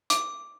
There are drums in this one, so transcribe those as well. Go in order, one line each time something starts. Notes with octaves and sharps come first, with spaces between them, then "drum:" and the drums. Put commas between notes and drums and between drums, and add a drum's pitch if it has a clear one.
D6, drum: hi-hat